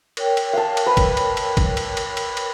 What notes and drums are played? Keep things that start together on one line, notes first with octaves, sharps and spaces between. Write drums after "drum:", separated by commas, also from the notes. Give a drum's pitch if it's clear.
A#4 C#5 G5, drum: cymbal
drum: cymbal
F5 A5
drum: cymbal
B4
drum: kick, cymbal
drum: cymbal
drum: cymbal
drum: kick, cymbal
drum: cymbal
drum: cymbal
drum: cymbal
drum: cymbal